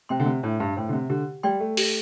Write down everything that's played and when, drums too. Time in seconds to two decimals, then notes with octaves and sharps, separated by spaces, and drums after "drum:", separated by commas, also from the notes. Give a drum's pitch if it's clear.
0.09 C3 C5 G5 C6
0.20 D3
0.26 C3
0.43 A2 D4
0.60 G2
0.77 A2 C5 G5 C6
0.89 D3
0.93 C3
1.10 D3 G4
1.43 G3 D5 G5 C6
1.60 A3
1.77 G4, drum: open hi-hat